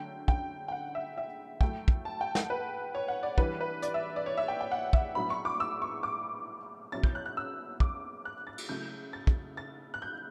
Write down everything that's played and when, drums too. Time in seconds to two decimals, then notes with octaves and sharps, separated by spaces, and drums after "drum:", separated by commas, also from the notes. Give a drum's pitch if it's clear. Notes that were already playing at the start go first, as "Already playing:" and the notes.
Already playing: D3 F#3 A3 C#4 G5
0.28 G5, drum: kick
0.68 G5
0.72 F#5
0.95 E5
1.18 E5
1.61 A2 F#3 A3 G5, drum: kick
1.88 drum: kick
2.05 A5
2.21 G5
2.35 F#5, drum: snare
2.50 B4
2.95 C#5
3.08 F#5
3.23 D5
3.38 E3 G3 D4 B4, drum: kick
3.61 B4
3.82 D5, drum: hi-hat
3.94 E5
4.16 D5
4.26 C#5
4.37 E5
4.48 G5
4.61 G5
4.71 F#5
4.93 E5, drum: kick
5.15 A2 F#3 B3 D4 B5
5.30 C#6
5.45 D6
5.60 E6
5.82 C#6
6.03 D6
6.92 B2 F#3 C#4 E4 A6
7.03 G6, drum: kick
7.15 F#6
7.26 F#6
7.37 E6
7.80 D6, drum: kick
8.25 F#6
8.47 A6
8.58 drum: cymbal
8.69 C#3 F#3 A3 E4 G6
9.13 A6
9.27 drum: kick
9.57 A6
9.94 F#6
10.02 G6